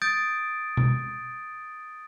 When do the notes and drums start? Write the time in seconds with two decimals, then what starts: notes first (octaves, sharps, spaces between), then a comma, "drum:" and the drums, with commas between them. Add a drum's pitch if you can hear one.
0.02 D#6 G6 A6 D7
0.77 drum: tom B2